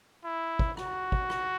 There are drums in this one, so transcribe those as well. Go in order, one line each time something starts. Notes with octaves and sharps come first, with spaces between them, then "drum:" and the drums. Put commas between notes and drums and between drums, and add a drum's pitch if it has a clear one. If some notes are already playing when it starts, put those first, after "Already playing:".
E4
drum: kick
F#4, drum: rim click
drum: kick
drum: rim click